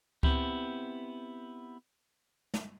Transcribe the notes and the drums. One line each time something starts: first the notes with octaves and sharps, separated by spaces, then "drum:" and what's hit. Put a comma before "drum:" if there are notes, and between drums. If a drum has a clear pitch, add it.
B3 C4 E4 G4, drum: kick C#2
drum: snare